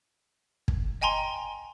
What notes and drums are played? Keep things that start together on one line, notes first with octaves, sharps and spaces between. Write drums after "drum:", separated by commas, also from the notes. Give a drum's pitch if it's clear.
drum: kick
D#5 G5 G#5 A#5 C6